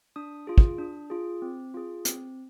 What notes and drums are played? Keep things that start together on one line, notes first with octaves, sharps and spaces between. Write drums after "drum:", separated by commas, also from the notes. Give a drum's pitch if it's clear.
D4 D#6
F4 G#4
drum: kick
D4
F4 G#4
C4
F4 G#4
C4, drum: hi-hat